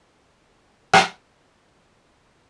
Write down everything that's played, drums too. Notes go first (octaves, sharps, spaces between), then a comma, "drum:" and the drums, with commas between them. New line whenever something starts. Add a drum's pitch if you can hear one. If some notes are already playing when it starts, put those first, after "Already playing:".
Already playing: G#3 A#3
F3
D#3
C#3
A#2
C3
drum: rim click
A#2
C3
F3
D#3
C#3
C3